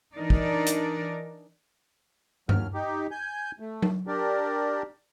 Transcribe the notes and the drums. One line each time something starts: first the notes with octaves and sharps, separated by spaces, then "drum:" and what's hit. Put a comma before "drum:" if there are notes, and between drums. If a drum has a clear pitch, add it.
E3 D4 D#4 A#4 D5
drum: kick
drum: hi-hat
D#2 F#3 F6, drum: tom G2
D#4 G4
G#5 G6
A3
drum: tom F#3
D4 G4 A#4 D5